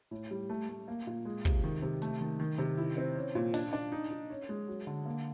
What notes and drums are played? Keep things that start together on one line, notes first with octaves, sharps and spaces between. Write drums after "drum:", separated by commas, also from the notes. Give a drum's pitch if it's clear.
A2
G3
A3
A3
A#3
A#2
G#3
C3, drum: kick
D#3
C3
A3, drum: hi-hat
D#3
D#3
C3
E4
C4
C#4
A#2
D4, drum: open hi-hat
D4
D#4
D#4
C#4
G#3
F#3
D3
A#3